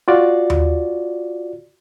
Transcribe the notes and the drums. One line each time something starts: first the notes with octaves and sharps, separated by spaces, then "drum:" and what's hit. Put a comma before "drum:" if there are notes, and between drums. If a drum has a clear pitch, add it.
F4 F#4 D5
drum: tom D#2